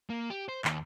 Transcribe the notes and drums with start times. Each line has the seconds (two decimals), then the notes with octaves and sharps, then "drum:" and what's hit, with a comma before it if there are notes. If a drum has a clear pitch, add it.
0.10 A#3
0.30 G4
0.49 C5
0.65 D#2, drum: clap